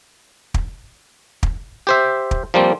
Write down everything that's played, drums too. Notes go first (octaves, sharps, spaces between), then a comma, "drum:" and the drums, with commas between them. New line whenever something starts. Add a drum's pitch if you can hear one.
drum: kick
drum: kick
G4 C5 E5
drum: kick
F3 G3 A#3 C4